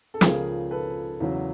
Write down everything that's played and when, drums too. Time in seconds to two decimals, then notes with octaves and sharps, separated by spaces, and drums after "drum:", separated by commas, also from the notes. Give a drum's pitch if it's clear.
0.14 A4
0.21 C#2 C#3 F3 G#4 A#4, drum: snare
0.71 A4 B4
1.20 E2 C#3 F#3